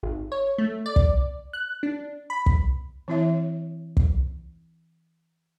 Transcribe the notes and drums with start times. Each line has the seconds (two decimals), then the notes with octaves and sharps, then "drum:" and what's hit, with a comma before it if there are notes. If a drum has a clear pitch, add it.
0.03 G#1
0.32 C#5
0.58 A3
0.86 D5
0.96 drum: kick
1.53 F#6
1.83 D4
2.30 B5
2.46 drum: kick
3.08 E3 C4 E4 C#5 E5
3.97 drum: kick